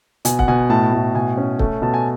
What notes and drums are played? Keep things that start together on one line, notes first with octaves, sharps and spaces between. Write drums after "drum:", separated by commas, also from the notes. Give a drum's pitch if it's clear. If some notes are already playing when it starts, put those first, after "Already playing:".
B2 G#5, drum: hi-hat
F#5, drum: kick C#1
B2 G#5
A2 A5
A2
B2 G#5
C#4
A3, drum: kick C#1
B2 A5
G#5